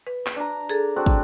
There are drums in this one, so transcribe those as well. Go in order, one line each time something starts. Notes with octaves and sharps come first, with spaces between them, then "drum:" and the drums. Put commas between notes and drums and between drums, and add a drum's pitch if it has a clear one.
B4
drum: clap
D4 A#5
G#4 A4, drum: tambourine
C4 D4 F#4
drum: kick, tambourine